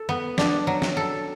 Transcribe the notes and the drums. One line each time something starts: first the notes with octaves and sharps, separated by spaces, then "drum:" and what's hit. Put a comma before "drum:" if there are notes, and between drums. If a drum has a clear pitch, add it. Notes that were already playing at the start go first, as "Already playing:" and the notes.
Already playing: A4
B3
D4, drum: snare
F#3
drum: snare
A4